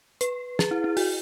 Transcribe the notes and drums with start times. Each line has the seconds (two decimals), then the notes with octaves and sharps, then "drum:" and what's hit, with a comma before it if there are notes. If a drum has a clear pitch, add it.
0.21 B4, drum: hi-hat
0.59 G#4, drum: snare
0.71 E4
0.84 E4
0.97 F#4, drum: open hi-hat